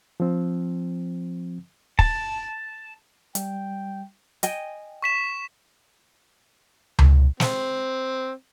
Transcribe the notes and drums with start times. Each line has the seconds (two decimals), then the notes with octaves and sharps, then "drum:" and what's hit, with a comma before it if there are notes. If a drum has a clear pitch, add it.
0.20 F3 C4
1.99 A5, drum: kick
3.35 G3 G5, drum: hi-hat
4.43 D#5 G5 G#5, drum: hi-hat
5.02 C#6 B6 E7
6.99 drum: tom C#2
7.40 C4, drum: snare